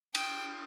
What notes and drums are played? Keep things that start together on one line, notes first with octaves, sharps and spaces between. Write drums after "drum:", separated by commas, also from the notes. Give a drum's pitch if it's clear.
G5, drum: cymbal